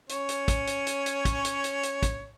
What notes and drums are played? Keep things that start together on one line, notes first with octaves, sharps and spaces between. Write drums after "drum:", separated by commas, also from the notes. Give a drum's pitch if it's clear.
C#4 C#5, drum: hi-hat
drum: hi-hat
drum: kick, hi-hat
drum: hi-hat
drum: hi-hat
drum: hi-hat
drum: kick, hi-hat
drum: hi-hat
drum: hi-hat
drum: hi-hat
drum: kick, hi-hat